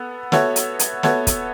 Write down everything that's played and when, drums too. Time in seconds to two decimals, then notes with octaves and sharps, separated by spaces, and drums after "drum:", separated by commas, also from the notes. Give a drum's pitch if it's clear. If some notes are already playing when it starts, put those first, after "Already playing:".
Already playing: B3 A4
0.32 B3 F#4 A4 C#5 E5, drum: snare
0.56 drum: hi-hat
0.79 drum: hi-hat
1.03 B3 F#4 A4 C#5 E5, drum: snare
1.27 drum: kick, hi-hat